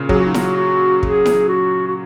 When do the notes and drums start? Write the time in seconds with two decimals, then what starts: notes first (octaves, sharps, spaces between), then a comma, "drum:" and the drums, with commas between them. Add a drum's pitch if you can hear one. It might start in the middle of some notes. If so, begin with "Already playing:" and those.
Already playing: A#2 C#3
0.09 F#3 G#4, drum: kick
0.19 F#4
0.26 D#4
0.34 F#4, drum: snare E4
0.56 F#4
1.03 G#4, drum: kick
1.26 drum: snare E4
1.48 F#4
1.87 F#4